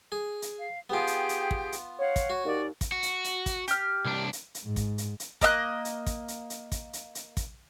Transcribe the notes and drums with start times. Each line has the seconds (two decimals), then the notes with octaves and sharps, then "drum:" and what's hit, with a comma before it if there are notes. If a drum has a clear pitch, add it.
0.12 G#4
0.42 drum: hi-hat
0.58 F5
0.90 B3 F4 G4 G#4 G5
1.07 drum: hi-hat
1.29 drum: hi-hat
1.51 drum: kick
1.72 drum: hi-hat
1.99 C#5 F5 F#5
2.16 drum: kick, hi-hat
2.30 F#4
2.45 D#2 D5
2.81 drum: kick, hi-hat
2.92 F#4
3.03 drum: hi-hat
3.24 drum: hi-hat
3.46 drum: kick, hi-hat
3.68 G4 F6, drum: hi-hat
4.05 C2 D4
4.33 drum: hi-hat
4.55 drum: hi-hat
4.65 G#2
4.76 drum: kick, hi-hat
4.98 drum: hi-hat
5.20 drum: hi-hat
5.41 A#3 D#5 E5 F#6, drum: kick, hi-hat
5.85 drum: hi-hat
6.06 drum: kick, hi-hat
6.28 drum: hi-hat
6.50 drum: hi-hat
6.72 drum: kick, hi-hat
6.93 drum: hi-hat
7.15 drum: hi-hat
7.37 drum: kick, hi-hat